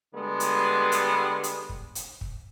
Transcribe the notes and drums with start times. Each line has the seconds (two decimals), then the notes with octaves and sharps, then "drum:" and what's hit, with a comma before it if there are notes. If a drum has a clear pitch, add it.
0.14 D3 G3 G#3 B3
0.40 drum: hi-hat
0.92 drum: hi-hat
1.43 drum: hi-hat
1.69 drum: kick
1.95 drum: hi-hat
2.21 drum: kick